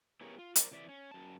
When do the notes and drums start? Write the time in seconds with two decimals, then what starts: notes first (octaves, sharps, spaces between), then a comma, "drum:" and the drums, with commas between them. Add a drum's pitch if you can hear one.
0.21 B3 E4 G4 G#4 A#4 C#5
0.38 F4
0.56 A#4 C5 D5, drum: hi-hat
0.71 C3 E3 D5 E5
0.89 C#4
1.11 F#2 A5